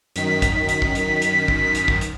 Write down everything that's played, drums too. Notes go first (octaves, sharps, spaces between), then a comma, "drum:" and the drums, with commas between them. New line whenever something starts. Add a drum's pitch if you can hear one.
F#2 D#3 B6, drum: hi-hat
drum: kick, hi-hat
drum: hi-hat
drum: kick
drum: hi-hat
drum: hi-hat
drum: kick
drum: hi-hat
drum: kick
drum: hi-hat